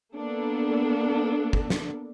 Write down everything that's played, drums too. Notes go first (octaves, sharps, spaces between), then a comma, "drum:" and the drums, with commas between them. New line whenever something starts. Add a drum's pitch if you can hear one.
A#3 B3 D4 A4
drum: kick
drum: snare